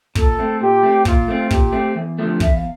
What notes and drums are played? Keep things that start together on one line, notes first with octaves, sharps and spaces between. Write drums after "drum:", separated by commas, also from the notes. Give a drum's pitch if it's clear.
A#2 A4, drum: kick
A3 C4
A#2 G4
A3 C4
A#2 F4, drum: kick
A3 C4
A#2 G4, drum: kick
A3 C4
E2
D3 F3 A3
E2 E5, drum: kick
F5